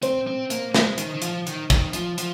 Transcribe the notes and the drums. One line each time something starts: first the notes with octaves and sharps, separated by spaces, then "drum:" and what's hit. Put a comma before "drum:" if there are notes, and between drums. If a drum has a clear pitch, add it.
C4 C5, drum: hi-hat
C4
A#3, drum: hi-hat
G#3, drum: snare
D#3, drum: hi-hat
D#3
F3, drum: hi-hat
D#3, drum: hi-hat
D#3, drum: kick, hi-hat
F3, drum: hi-hat
F3, drum: hi-hat